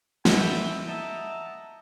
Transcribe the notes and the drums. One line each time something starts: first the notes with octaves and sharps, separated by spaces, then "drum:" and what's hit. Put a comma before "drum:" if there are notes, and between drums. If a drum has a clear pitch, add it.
B4 E5 F#5 G5, drum: snare
D#5 E5 F#5 A5 A#5